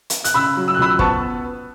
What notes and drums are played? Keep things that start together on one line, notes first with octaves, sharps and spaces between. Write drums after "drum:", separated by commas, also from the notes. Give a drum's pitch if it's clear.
drum: hi-hat
F#6, drum: hi-hat
C#3 B5 E6
F#3
E6
F#6
C#2 B5 E6
B3 A5 C#6, drum: kick